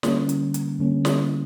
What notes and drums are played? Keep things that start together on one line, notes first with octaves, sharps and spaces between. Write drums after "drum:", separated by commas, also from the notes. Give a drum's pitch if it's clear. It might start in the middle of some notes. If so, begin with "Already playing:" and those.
D3 G3 A#3 C#4, drum: snare
drum: hi-hat
drum: hi-hat
D3 G3 A#3 C#4
drum: snare